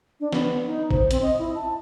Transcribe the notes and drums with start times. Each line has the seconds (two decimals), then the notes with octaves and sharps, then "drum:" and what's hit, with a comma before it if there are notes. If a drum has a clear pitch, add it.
0.20 D4
0.32 B3, drum: snare
0.66 D#4
0.91 C5, drum: kick G#1
1.11 C4, drum: hi-hat
1.22 D#5
1.39 E4
1.55 A5